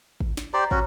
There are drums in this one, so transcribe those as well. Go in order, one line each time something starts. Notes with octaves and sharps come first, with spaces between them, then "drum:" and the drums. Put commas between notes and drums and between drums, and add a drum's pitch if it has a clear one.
drum: kick
drum: snare
G4 C5 D5 A#5
C#4 F#4 C#5, drum: kick